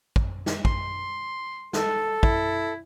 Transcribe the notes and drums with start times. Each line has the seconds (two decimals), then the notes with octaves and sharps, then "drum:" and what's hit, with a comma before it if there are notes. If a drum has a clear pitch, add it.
0.16 drum: kick
0.46 drum: snare
0.65 C6, drum: kick
1.73 A4, drum: snare
2.23 E4, drum: kick